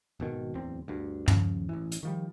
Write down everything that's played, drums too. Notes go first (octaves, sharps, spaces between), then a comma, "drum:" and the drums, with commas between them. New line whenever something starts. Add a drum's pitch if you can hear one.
G#1 B2 D#3
D1 E2 C4
D2 G2
D#2 C#3 F3, drum: tom
A1 E3
drum: hi-hat
D#3 F3 G3